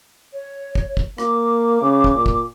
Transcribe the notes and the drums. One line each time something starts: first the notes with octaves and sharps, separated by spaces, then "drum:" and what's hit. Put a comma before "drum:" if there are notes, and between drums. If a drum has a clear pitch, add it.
C#5
drum: kick
drum: kick
A#3 D6, drum: rim click
C#3
drum: kick
A#2
drum: kick